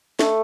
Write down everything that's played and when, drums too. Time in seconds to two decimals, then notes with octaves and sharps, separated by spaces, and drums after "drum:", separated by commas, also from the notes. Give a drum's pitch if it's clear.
0.19 A3, drum: snare